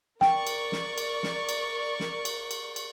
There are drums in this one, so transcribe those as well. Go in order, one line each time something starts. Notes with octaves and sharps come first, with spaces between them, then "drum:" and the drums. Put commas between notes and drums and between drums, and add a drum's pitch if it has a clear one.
A#4 D5 G5 C#6, drum: snare
drum: cymbal
drum: snare
drum: cymbal
drum: snare
drum: cymbal
drum: snare
drum: cymbal
drum: cymbal
drum: cymbal